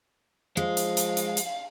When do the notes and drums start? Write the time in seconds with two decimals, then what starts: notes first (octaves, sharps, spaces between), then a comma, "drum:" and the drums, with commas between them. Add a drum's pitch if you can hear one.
0.57 F3 G#3 F5
0.77 drum: hi-hat
0.97 drum: hi-hat
1.17 drum: hi-hat
1.37 drum: hi-hat